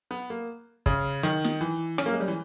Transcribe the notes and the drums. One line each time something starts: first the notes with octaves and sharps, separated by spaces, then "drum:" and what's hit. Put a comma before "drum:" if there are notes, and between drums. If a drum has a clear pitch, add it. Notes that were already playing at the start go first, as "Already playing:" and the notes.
B3
A#3
C#3, drum: kick
D#3, drum: hi-hat
drum: snare
E3
C#4, drum: rim click
A#3
G#3
G3
E3